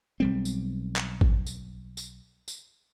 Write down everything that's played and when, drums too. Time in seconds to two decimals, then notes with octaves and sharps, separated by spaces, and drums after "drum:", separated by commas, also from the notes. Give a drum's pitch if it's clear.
0.20 B1 G3 C4
0.45 drum: tambourine
0.96 drum: clap
1.21 drum: kick
1.47 drum: tambourine
1.97 drum: tambourine
2.48 drum: tambourine